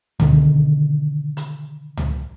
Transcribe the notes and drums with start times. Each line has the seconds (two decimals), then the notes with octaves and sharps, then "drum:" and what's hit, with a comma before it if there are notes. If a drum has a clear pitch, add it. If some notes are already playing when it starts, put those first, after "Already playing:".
0.20 B2 D3 D#3, drum: tom C#2
1.37 drum: hi-hat
1.97 drum: tom C#2